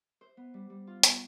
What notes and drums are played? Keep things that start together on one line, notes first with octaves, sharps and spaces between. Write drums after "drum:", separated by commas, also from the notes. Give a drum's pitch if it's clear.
C5
B3
G3
G3
F4
B3, drum: hi-hat